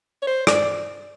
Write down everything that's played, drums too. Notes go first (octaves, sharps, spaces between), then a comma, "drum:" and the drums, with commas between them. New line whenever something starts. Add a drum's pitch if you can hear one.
C#5
C5
D5, drum: rim click